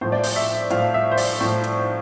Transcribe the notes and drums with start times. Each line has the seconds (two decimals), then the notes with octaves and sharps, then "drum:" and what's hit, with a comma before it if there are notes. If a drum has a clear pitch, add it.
0.01 A2 F3 C5
0.12 D5
0.23 C5, drum: open hi-hat
0.36 E5
0.70 A2 F3 F5, drum: hi-hat
0.94 E5
1.12 C5
1.17 D5, drum: open hi-hat
1.41 A2 F3
1.64 drum: hi-hat